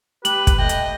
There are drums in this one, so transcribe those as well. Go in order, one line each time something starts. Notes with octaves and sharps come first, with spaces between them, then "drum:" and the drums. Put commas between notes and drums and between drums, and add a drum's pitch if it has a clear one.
G4 B4 F#7, drum: hi-hat
drum: kick, hi-hat
A3 D#5 G5
drum: hi-hat